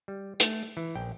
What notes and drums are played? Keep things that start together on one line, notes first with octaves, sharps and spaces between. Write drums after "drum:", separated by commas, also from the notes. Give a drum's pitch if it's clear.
G3
A3, drum: hi-hat
E3
A#1 G5